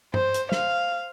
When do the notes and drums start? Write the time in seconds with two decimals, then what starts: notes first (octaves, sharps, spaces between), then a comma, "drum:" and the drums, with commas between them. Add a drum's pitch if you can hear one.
0.14 C5, drum: tom G2
0.34 drum: hi-hat
0.52 F5, drum: snare